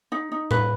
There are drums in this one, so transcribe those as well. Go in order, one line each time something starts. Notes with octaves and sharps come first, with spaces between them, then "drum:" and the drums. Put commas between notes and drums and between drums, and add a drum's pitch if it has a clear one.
D#4
D#4
B4, drum: tom A2